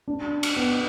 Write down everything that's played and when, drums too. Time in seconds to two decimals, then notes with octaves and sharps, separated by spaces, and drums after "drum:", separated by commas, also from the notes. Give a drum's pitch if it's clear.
0.08 D4
0.43 drum: cymbal
0.56 B3